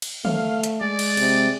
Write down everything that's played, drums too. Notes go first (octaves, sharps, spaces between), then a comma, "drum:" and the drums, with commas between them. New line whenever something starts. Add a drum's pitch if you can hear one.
drum: cymbal
A3 F5, drum: tom
drum: hi-hat
G#3 D5
drum: cymbal
C3, drum: cymbal